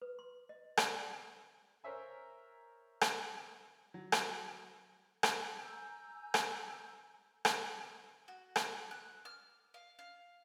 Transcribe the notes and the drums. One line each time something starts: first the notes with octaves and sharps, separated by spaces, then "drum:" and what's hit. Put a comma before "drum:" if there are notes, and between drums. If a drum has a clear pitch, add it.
B4
C6
D#5
D5, drum: rim click
F#5
A#4 C5 C#5 E5 G#5
drum: rim click
F#3
drum: rim click
drum: rim click
G#5 A#5 E6 G6
drum: rim click
drum: rim click
F#4
drum: rim click
F#6
F6
F5
F5